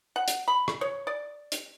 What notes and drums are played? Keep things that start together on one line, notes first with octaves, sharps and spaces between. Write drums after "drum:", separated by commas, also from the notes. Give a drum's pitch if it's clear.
F#5
drum: hi-hat
B5
drum: rim click
C#5
D5
drum: hi-hat